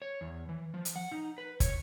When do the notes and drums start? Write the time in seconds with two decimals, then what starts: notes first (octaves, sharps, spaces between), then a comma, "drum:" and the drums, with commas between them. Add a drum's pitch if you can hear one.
0.02 C#5
0.21 E2
0.49 E3
0.74 F3
0.85 drum: hi-hat
0.96 F#5
1.12 D#4
1.38 B4
1.60 C#5, drum: kick, hi-hat